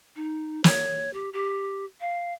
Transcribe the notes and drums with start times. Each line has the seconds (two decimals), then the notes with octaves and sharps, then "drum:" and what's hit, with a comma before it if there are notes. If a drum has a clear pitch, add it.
0.16 D#4
0.64 C#5, drum: snare
1.14 G4
1.33 G4
2.01 F5